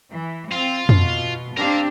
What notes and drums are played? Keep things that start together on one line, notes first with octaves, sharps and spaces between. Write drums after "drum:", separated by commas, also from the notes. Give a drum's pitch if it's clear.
E3
C4 F4
B2, drum: tom F2
C4 D4 G4 A#4 F5